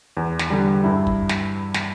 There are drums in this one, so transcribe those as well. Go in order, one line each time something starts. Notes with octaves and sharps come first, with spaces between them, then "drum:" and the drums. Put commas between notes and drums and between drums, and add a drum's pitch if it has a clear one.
E2
drum: snare
D3 G3
G2 E4
drum: kick
drum: snare
drum: snare